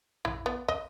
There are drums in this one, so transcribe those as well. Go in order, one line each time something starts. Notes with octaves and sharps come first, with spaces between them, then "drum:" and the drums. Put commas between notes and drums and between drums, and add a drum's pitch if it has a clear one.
E4, drum: tom A#1
B3
D#5, drum: kick